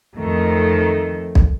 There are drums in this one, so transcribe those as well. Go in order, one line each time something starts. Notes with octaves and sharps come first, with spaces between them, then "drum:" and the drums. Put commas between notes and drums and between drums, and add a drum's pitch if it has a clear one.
F2 D#3 A3
drum: kick B1